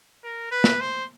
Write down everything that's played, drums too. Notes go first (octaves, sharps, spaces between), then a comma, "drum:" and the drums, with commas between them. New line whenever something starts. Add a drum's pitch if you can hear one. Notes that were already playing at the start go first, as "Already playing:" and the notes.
A#4
B4
drum: snare
C5